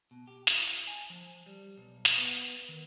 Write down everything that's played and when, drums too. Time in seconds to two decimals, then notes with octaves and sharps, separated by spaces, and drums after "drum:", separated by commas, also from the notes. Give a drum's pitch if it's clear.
0.11 B2
0.27 G4
0.47 E4, drum: snare
0.87 G#5
1.10 F3
1.46 G3
1.78 B1
2.05 drum: snare
2.17 B3
2.69 D#3